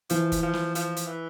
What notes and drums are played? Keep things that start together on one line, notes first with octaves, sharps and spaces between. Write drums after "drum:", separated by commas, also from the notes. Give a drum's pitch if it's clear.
E3 F3, drum: hi-hat
drum: kick F1, hi-hat
F3
drum: snare
F3, drum: hi-hat
drum: hi-hat
E3